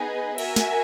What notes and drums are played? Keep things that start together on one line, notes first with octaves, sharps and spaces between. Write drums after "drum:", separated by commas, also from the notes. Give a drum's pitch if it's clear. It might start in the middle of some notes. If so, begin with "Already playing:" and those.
Already playing: B3 D#4 G#4 B4 D#5
F#4 A#4 E5 G#5, drum: cymbal
drum: snare